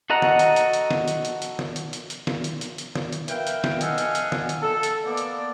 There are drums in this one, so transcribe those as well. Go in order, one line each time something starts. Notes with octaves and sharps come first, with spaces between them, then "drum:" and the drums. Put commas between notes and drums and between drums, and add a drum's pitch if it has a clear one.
F#4 A4 D#5 F#5 A#5
drum: snare
drum: hi-hat
drum: hi-hat
drum: hi-hat
drum: snare
drum: hi-hat
drum: hi-hat
drum: hi-hat
drum: snare
drum: hi-hat
drum: hi-hat
drum: hi-hat
drum: snare
drum: hi-hat
drum: hi-hat
drum: hi-hat
drum: snare
drum: hi-hat
A#4 B4 E5 F5 G5, drum: hi-hat
drum: hi-hat
drum: snare
A4 D#5 F5 F#5 G#5, drum: hi-hat
drum: hi-hat
drum: hi-hat
drum: snare
drum: hi-hat
A4
drum: hi-hat
A#3 B3 D5
drum: hi-hat